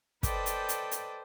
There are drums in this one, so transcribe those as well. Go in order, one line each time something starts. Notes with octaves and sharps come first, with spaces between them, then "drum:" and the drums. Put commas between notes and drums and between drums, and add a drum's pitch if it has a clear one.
A4 B4 C5 D5 D#5 G5, drum: kick, hi-hat
drum: hi-hat
drum: hi-hat
drum: hi-hat